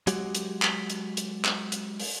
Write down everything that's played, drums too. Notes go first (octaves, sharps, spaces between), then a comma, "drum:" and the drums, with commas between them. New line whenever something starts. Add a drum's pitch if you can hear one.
F#3 G#3 F#4 G4, drum: hi-hat
drum: hi-hat
drum: clap
drum: hi-hat
drum: hi-hat
drum: clap
drum: hi-hat
drum: open hi-hat